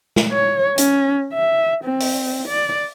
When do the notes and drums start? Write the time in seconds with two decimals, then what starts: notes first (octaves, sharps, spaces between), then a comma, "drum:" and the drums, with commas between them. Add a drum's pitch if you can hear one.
0.16 drum: snare
0.32 C#5
0.78 C#4, drum: hi-hat
1.33 E5
1.84 C4
2.00 drum: open hi-hat
2.48 D5